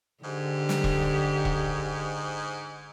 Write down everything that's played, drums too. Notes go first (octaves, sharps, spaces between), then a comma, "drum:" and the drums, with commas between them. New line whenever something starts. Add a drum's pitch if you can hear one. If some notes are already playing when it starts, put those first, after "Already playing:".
G#2 D3 G4
drum: snare
drum: kick E1
drum: kick E1